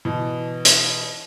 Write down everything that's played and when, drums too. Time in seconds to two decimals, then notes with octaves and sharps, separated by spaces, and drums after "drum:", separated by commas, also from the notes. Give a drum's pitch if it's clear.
0.05 B2 E3
0.65 drum: hi-hat